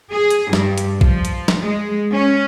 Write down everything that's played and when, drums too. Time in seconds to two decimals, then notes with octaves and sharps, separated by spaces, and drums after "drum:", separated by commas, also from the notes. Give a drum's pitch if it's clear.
0.12 G#4
0.30 drum: hi-hat
0.53 G2, drum: snare
0.78 drum: hi-hat
1.01 F3, drum: kick A#1
1.25 drum: hi-hat
1.48 drum: snare
1.63 G#3
2.14 C#4